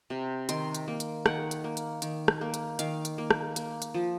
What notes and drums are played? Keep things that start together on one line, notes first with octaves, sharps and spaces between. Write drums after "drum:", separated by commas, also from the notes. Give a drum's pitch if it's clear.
C3
D#3 C6, drum: hi-hat
drum: hi-hat
A#3
drum: hi-hat
D#3 F#5, drum: rim click
drum: hi-hat
A#3
drum: hi-hat
D#3, drum: hi-hat
drum: rim click
A#3
drum: hi-hat
D#3 F5, drum: hi-hat
drum: hi-hat
A#3
drum: rim click
A#3, drum: hi-hat
drum: hi-hat
F3